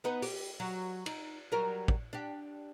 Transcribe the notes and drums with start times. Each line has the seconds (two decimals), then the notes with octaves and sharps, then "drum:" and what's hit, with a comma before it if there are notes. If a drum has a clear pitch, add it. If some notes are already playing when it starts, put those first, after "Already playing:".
0.04 B3 D#4 B4
0.22 G4, drum: open hi-hat
0.60 F#3
1.06 D#4, drum: cymbal
1.52 F#3 G3 A#4
1.88 drum: kick
2.13 D4 G4